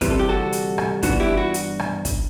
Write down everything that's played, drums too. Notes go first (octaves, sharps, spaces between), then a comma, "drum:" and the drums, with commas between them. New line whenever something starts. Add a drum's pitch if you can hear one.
D2 C3 E3 G3 C4 B4, drum: kick, hi-hat
A4
G4
F#4 A4
drum: hi-hat
drum: rim click
G2 E3 B3 D4 F#4, drum: kick, hi-hat
E4 G4
F#4
drum: hi-hat
drum: rim click
drum: kick, hi-hat